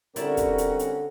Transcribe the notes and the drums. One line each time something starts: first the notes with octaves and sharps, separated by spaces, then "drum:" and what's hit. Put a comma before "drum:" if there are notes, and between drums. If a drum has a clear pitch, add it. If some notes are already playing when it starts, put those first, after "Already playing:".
D3 G3 C4 C#4 E4 F#4 A#4 D5, drum: hi-hat
drum: kick, hi-hat
drum: hi-hat
drum: hi-hat